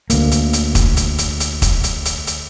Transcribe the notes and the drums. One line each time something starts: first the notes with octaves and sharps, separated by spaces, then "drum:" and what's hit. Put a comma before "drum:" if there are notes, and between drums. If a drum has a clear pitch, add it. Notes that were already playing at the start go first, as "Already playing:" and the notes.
D2 A#3, drum: hi-hat
drum: hi-hat
drum: hi-hat
drum: kick, hi-hat
drum: hi-hat
drum: hi-hat
drum: hi-hat
drum: kick, hi-hat
drum: hi-hat
drum: hi-hat
drum: hi-hat